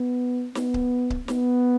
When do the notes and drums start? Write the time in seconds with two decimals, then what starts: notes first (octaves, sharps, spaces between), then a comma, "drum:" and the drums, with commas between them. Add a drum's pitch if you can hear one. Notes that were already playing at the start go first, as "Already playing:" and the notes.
Already playing: B3
0.55 B3, drum: snare
0.74 drum: kick C#1
1.10 drum: kick C#1
1.28 B3, drum: snare